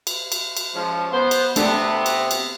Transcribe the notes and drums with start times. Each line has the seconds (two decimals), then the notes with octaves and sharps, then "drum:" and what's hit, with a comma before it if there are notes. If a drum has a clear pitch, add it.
0.07 drum: cymbal
0.32 drum: cymbal
0.57 drum: cymbal
0.75 F3 G#3 C#4
1.12 B3 C5
1.31 drum: cymbal
1.56 C3 A3 B3 C4 D4 A4, drum: cymbal
2.06 drum: cymbal
2.31 drum: cymbal